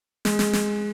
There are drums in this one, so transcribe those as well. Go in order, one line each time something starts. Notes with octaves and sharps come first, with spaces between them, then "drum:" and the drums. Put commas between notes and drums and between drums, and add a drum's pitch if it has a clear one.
G#3, drum: snare
drum: snare
drum: snare